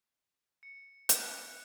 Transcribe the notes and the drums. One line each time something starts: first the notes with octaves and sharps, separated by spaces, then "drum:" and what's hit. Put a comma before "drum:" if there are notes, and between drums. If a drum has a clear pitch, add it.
C#7
drum: hi-hat
F#6